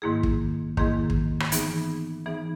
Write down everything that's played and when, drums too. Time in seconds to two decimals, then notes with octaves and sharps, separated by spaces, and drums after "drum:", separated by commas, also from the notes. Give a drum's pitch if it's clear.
0.02 G#2 D#3 A#3 E4 G#4
0.23 drum: kick
0.77 G#2 D#3 A#3 E4 G#4, drum: kick
1.10 drum: kick
1.40 drum: rim click
1.52 E3 B3 D#4 G#4, drum: hi-hat
2.26 E3 B3 D#4 G#4